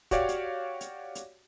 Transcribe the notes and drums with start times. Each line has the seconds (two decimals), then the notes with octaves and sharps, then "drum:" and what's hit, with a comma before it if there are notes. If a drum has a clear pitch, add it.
0.11 F#4 G4 C#5 D5 F5, drum: kick, hi-hat
0.29 drum: hi-hat
0.81 drum: hi-hat
1.15 drum: hi-hat